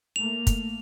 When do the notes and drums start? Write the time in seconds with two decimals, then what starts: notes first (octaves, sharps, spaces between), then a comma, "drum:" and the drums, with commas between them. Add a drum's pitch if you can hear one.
0.16 A3 A#3 F7
0.47 drum: kick, hi-hat